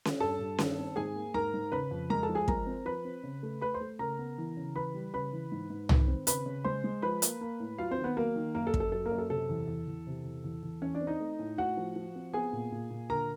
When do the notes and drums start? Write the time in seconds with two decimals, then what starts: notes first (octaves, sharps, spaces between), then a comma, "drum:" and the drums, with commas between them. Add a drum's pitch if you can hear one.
0.05 drum: snare C#4
0.20 G2 A4 A5
0.39 G2
0.58 D#3, drum: snare C#4
0.78 C4
0.96 G#2 G#4 G#5
1.15 A#3
1.34 G#2 A#4 A#5
1.54 G#2
1.72 C#3 B4 B5
1.91 F2
2.10 G#3 A#4 A#5
2.23 A4 A5
2.29 F3
2.35 G#4 G#5
2.48 G#3 A#4 A#5, drum: kick
2.67 C4
2.85 F3 B4 B5
3.05 C4
3.23 C#3
3.43 A3
3.61 A3 B4 B5
3.74 C5 C6
3.81 A3
3.99 C#3 A#4 A#5
4.19 B3
4.38 E3
4.57 C#3
4.75 E3 B4 B5
4.94 G3
5.14 C#3 B4 B5
5.33 E3
5.52 G#2
5.70 G#2
5.89 D#3, drum: tom C2
6.08 C4
6.27 C#3 B4 B5, drum: hi-hat
6.46 C#3
6.64 G#3 C5 C6
6.84 G#3
7.02 F3 B4 B5
7.22 A#3, drum: hi-hat
7.41 A#3
7.60 A2
7.78 F#3 F4 F5
7.91 C4 C5
7.98 D#3
8.04 B3 B4
8.17 F#3 A#3 A#4
8.36 D#3
8.55 F#2 A#3 A#4
8.67 A4
8.74 F#2, drum: kick
8.80 A4
8.92 F#3 A4
9.05 A#3 A#4
9.11 F#2
9.18 A4
9.30 C3 A4
9.49 E2
9.68 E2
9.87 E2
10.07 C3
10.25 E2
10.44 E2
10.63 E2
10.82 E3 C#4 C#5
10.94 D4 D5
11.01 C4
11.07 D#4 D#5
11.20 A3
11.39 A2
11.58 A2 F#4 F#5
11.77 F3
11.96 F3
12.15 C4
12.33 B3 G#4 G#5
12.53 A#2
12.72 A#2
12.90 A#2
13.10 D3 A#4 A#5